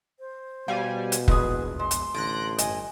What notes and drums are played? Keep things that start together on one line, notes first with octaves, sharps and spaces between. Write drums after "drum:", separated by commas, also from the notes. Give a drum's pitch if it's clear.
C5
B2 G3 F5 G#5
drum: hi-hat
A#1 E2 G#3 G#4 B4, drum: kick F1
G#3 C6
drum: hi-hat
A1 D3 F#6 A#6 D7
G1 D#5 G#5, drum: hi-hat